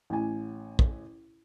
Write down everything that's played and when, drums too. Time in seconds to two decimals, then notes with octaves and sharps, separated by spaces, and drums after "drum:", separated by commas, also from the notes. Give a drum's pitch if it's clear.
0.10 A1 G#5
0.79 drum: kick